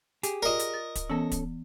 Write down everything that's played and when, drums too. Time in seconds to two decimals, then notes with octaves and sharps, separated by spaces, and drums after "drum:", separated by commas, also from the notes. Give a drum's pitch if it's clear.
0.23 G4 G#4, drum: hi-hat
0.43 F4 A#4 D5 D#5
0.59 drum: hi-hat
0.74 D#6 A6
0.95 drum: kick, hi-hat
1.10 E3 B3 C#4 A4
1.32 drum: kick, hi-hat